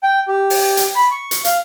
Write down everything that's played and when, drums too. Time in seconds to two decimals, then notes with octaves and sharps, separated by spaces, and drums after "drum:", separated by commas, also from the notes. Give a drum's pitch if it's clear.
0.03 G5
0.28 G4
0.50 drum: open hi-hat
0.77 drum: hi-hat
0.95 B5
1.11 C#6
1.31 drum: hi-hat
1.45 F5, drum: hi-hat